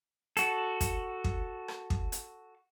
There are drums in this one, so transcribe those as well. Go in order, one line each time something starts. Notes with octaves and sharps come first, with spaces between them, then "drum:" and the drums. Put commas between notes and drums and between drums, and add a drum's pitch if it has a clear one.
F#4 A4, drum: hi-hat
drum: kick, hi-hat
drum: kick
drum: rim click
drum: kick
drum: hi-hat